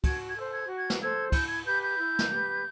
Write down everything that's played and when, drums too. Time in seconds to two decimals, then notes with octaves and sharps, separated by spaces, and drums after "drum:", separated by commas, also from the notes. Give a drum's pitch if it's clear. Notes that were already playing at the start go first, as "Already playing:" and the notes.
0.04 F#4 G#6, drum: kick, cymbal
0.29 G#6
0.37 A4 C5
0.53 G#6
0.68 F#4
0.77 G#6
0.90 drum: snare
1.00 A4 C5 G#6
1.32 E4 G6, drum: kick, cymbal
1.48 G#6
1.65 G4 B4 G6
1.81 G6
1.98 E4
2.19 drum: snare
2.29 G4 B4